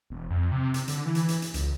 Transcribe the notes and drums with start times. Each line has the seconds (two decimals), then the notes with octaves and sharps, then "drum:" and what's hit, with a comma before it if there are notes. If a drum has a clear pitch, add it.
0.10 E1
0.30 F2
0.52 C3
0.74 drum: hi-hat
0.88 D3, drum: hi-hat
1.06 E3
1.15 drum: hi-hat
1.28 drum: hi-hat
1.42 drum: hi-hat
1.54 C#2, drum: hi-hat